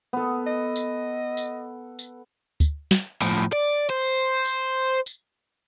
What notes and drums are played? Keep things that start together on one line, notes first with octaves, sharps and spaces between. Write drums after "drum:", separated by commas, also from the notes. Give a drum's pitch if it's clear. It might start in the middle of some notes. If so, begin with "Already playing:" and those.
B3 A4
D#5
drum: tambourine
drum: tambourine
drum: tambourine
drum: kick D2, tambourine
drum: snare
A2 F3, drum: tambourine
D5
C5
drum: tambourine
drum: tambourine